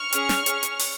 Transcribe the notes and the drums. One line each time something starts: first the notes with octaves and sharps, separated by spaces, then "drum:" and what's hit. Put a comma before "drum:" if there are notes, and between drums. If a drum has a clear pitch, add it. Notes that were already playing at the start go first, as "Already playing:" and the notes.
Already playing: C#6 F6
C#4 G#4, drum: hi-hat
drum: snare
C#4 G#4, drum: hi-hat
drum: hi-hat
drum: open hi-hat